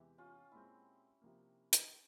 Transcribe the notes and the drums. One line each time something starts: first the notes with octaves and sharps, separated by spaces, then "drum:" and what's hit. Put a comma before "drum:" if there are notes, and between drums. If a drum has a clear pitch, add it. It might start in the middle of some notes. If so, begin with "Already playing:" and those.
Already playing: E2 C3 E3 G#3 G4
C#4 F4
A#2 G#3 C4 E4
C3 F3 A#3
drum: hi-hat